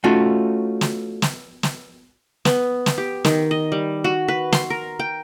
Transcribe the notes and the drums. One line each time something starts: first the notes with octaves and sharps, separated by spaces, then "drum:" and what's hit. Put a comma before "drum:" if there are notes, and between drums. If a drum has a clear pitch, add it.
A3 C#4 D#4 F4 F#4
drum: snare
drum: snare
drum: snare
B3, drum: snare
drum: snare
G4
D#3, drum: snare
D#5
G3
F#4
B4
C6, drum: snare
A#4
G5